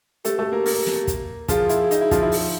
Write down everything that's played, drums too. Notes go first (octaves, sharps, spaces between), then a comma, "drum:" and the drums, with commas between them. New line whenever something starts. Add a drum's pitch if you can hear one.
A3 G4 A4, drum: hi-hat
A3 A4
A#3 A#4
A#3 A#4, drum: open hi-hat
drum: snare
drum: kick, hi-hat
F3 F4 G#4, drum: kick, hi-hat
E4, drum: hi-hat
D#4, drum: hi-hat
E4
F3 F4, drum: kick, hi-hat
E4
drum: open hi-hat